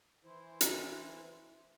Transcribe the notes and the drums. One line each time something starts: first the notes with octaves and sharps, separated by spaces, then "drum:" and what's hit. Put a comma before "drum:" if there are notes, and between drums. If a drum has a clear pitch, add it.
E3 E4 C5
drum: hi-hat